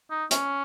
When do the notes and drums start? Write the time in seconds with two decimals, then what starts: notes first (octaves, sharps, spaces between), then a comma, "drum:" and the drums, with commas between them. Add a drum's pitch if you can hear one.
0.11 D#4
0.31 C#4, drum: hi-hat